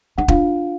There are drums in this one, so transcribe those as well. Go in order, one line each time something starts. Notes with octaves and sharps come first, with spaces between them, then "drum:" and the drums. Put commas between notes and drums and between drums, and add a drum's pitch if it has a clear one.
D#4 F#5
D4 F4 F5, drum: kick